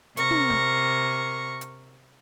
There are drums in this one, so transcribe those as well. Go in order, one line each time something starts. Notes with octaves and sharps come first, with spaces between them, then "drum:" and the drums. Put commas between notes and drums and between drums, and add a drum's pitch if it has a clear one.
C3 A#4 C#6 A#6, drum: hi-hat
drum: tom
drum: snare
drum: hi-hat